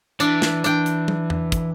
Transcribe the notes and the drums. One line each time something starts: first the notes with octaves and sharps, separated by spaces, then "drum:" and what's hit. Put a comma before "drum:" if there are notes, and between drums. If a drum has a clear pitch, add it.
E3 D4 D5, drum: hi-hat
drum: snare
D4 G5, drum: hi-hat
drum: hi-hat
drum: tom
drum: tom E2
drum: kick, hi-hat